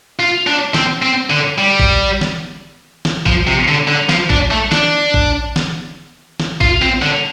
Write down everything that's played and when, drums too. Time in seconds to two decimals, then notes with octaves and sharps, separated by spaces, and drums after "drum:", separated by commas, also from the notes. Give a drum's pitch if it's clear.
0.19 F4
0.47 D4
0.74 C4, drum: snare
1.02 C4
1.30 D3
1.58 G3
1.80 drum: kick
2.21 drum: snare
3.05 drum: snare
3.26 F3, drum: kick
3.47 C3
3.68 D3
3.88 D3
4.09 F3, drum: snare
4.30 D4, drum: kick
4.51 A3
4.72 D4, drum: snare
5.14 drum: kick
5.56 drum: snare
6.40 drum: snare
6.61 F4, drum: kick
6.82 C4
7.02 D3